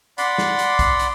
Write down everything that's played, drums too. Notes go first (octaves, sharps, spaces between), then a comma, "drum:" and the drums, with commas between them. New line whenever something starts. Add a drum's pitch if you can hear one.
D5 F#5 B5 C6, drum: hi-hat
drum: snare
drum: hi-hat
drum: kick, hi-hat
drum: hi-hat